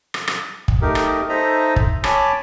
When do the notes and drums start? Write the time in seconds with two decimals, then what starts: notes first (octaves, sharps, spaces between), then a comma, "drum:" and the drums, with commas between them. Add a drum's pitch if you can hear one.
0.14 drum: rim click
0.27 drum: rim click
0.68 drum: kick
0.82 A3 D#4 G4 A#4
0.95 drum: rim click
1.29 D#4 A4 C5 D#5 E5 A#5
1.76 drum: kick
2.04 C#5 G#5 A5 B5 D6, drum: rim click